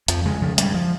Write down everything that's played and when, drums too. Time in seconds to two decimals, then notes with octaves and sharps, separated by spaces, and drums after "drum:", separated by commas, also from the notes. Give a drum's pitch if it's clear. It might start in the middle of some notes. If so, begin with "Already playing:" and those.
0.08 F2 F3, drum: hi-hat
0.25 C#3 G#3
0.42 C#3 F3
0.58 G2 G3, drum: hi-hat
0.74 F3